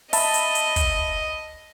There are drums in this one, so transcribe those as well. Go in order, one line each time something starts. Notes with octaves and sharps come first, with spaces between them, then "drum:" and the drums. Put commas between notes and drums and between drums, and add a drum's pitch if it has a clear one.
D#5 E5 A5 B5, drum: open hi-hat
drum: hi-hat
drum: hi-hat
drum: kick, hi-hat